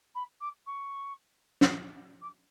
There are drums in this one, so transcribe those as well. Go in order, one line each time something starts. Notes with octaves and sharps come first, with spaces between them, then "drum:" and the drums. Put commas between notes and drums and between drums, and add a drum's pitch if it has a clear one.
B5
D6
C#6
drum: snare
D6